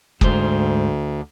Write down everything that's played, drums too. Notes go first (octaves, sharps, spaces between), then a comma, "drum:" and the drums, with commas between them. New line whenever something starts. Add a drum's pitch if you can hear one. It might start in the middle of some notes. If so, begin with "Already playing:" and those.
D2 G#2 C5, drum: kick